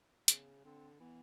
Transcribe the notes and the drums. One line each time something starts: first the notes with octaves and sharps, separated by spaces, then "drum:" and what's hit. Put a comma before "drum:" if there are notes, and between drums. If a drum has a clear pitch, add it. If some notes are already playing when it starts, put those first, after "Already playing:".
C#3 B3, drum: hi-hat
D3 C4
E3 B3